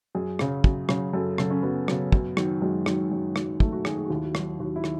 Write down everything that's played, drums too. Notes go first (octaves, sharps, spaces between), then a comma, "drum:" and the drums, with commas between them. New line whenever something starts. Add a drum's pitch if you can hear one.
F#2 G#4
C#3 F#3, drum: rim click
F#2, drum: kick
C#3 F#3, drum: rim click
F#2 A4
C#3 F#3 A4, drum: rim click
C#4
F#2 B3
C#3 F#3, drum: rim click
F#2, drum: kick
D#3 F#3, drum: rim click
F#2 G#3
D#3 F#3, drum: rim click
F#2
D#3 F#3, drum: rim click
F#2 A3, drum: kick
F#4
D#3 F#3 G#4, drum: rim click
G#4
F#4
D#2 E4
F#4
D#3 F#3, drum: rim click
D#2 F#4
E4
D#3, drum: rim click